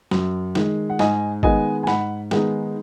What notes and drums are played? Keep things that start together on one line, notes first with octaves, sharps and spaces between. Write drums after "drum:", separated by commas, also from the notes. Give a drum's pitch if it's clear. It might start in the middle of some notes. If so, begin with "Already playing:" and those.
F#2, drum: snare
D#3 G#3, drum: snare
F#5
G#2 D#5 G#5, drum: snare
D#3 G#3 B3 D#5 G#5, drum: kick G#1
G#5
G#2 F#5 B5, drum: snare
D#3 G#3 B3 D#4 G#4, drum: snare